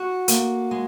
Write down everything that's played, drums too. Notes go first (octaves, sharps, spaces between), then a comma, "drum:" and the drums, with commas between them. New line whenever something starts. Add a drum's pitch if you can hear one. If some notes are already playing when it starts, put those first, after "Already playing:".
Already playing: F#4
A#3, drum: hi-hat
G#3